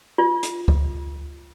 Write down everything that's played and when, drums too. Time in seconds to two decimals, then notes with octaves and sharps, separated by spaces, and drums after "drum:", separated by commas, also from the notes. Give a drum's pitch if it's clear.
0.18 F4
0.43 drum: hi-hat
0.68 drum: kick C#2